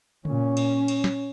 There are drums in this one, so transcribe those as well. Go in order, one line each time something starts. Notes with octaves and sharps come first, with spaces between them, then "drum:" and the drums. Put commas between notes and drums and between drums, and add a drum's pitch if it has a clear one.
A#2 C#4, drum: tom C#3
drum: cymbal
drum: cymbal
drum: snare